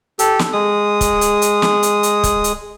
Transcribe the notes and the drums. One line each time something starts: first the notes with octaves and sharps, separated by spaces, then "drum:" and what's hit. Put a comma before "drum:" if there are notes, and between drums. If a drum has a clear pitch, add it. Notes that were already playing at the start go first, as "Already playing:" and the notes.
G4 A4, drum: hi-hat
drum: snare
G#3 D#6
drum: kick, hi-hat
drum: hi-hat
drum: hi-hat
drum: snare
drum: hi-hat
drum: hi-hat
drum: kick, hi-hat
drum: hi-hat